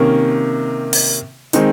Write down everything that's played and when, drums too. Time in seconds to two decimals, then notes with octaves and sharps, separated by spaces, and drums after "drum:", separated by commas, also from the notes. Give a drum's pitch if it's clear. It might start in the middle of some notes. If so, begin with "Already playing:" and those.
Already playing: C3 D#3 A#3 C#4
0.93 drum: open hi-hat
1.53 D#3 G#3 C4 D#4, drum: hi-hat